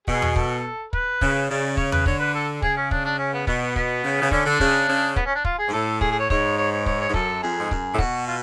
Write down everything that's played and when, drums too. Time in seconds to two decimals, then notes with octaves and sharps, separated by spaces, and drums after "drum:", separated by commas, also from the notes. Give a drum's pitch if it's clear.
0.07 B2 G#4, drum: kick
0.22 drum: tom E2
0.36 A4, drum: kick
0.93 B4, drum: kick
1.21 C#3, drum: kick
1.50 C#3 D5
1.77 C#5, drum: kick
1.92 B4, drum: tom E2
2.06 D3 C#5, drum: kick
2.20 B4
2.35 A4
2.62 C#3 G#4, drum: kick
2.77 C#4
2.91 D4, drum: kick
3.05 D4
3.18 C#4
3.33 B3
3.47 B2 B3, drum: kick
3.61 B3
3.76 B3, drum: kick
4.03 C#3
4.21 C#3
4.31 D3 C#4, drum: kick
4.45 D3 D4
4.60 C#3, drum: kick
4.88 C#3
5.16 B3, drum: kick
5.26 C#4
5.35 D4
5.45 F4, drum: kick
5.59 G#4
5.68 G#2
5.73 A2 A4
6.01 G#4, drum: kick
6.11 G#4
6.19 C#5
6.30 G#2 C#5, drum: kick
6.58 C#5
6.72 C#5
6.86 C#5, drum: kick
7.01 C#5
7.08 G#2
7.14 F#2 A4, drum: kick
7.42 F2 G#4
7.59 G#2
7.71 F#2, drum: kick
7.94 A2
7.98 B2 F#4, drum: kick
8.27 F4